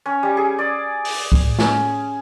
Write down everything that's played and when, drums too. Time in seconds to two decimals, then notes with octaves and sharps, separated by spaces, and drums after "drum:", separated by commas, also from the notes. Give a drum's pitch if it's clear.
0.06 C#4
0.23 G3
0.37 G#4
0.59 D5
1.05 drum: open hi-hat
1.32 drum: kick
1.59 C#4, drum: snare